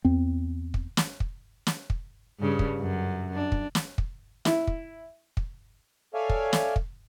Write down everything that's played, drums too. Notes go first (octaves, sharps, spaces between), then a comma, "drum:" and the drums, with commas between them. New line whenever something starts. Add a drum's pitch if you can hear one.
E2 C4
drum: kick
drum: snare
drum: kick
drum: snare
drum: kick
G2 C#3
drum: kick
F#2
D4
drum: kick
drum: snare
drum: kick
E4, drum: snare
drum: kick
drum: kick
A4 C#5 D5 E5 F5 G#5
drum: kick
drum: snare
drum: kick